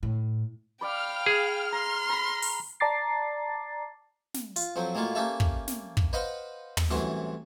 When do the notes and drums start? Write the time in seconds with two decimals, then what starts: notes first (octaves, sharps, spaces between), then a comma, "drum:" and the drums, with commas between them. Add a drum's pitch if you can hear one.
0.03 A2
0.81 D5 F5 G5 B5 F6
1.26 G#4 D#6
1.72 A#5 C6
2.09 A#5 B5
2.42 drum: open hi-hat
2.80 D5 A5 A#5 D6 A6 C7
4.34 drum: snare
4.56 F4, drum: hi-hat
4.76 F2 F3 F#3 C4
4.95 A2 G#3 A#3 F4 F#4
5.15 A#3 C#4 G4 A4 E5 F5
5.40 drum: kick
5.68 drum: snare
5.97 drum: kick
6.13 B4 C5 D#5 F5 F#5 C6
6.77 drum: tom
6.91 C2 F#2 A2 E3 F#4 C6